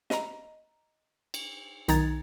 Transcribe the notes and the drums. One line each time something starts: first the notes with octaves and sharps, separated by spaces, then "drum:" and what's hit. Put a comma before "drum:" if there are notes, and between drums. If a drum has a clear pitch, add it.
D#5 A#5, drum: snare
drum: cymbal
B1 D#3 D#4 A#5 G#6 A6, drum: hi-hat